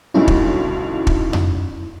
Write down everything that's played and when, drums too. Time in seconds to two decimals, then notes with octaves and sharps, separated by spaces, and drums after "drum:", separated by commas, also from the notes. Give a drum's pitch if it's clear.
0.14 D2 G2 B2 C#4 D#4 E4
0.28 drum: kick
1.07 drum: kick
1.33 drum: tom F2